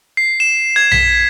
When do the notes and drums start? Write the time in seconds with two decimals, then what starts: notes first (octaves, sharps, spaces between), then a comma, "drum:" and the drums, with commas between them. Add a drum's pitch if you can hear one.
0.17 C7
0.40 E7
0.76 G#6
0.92 B6, drum: tom B1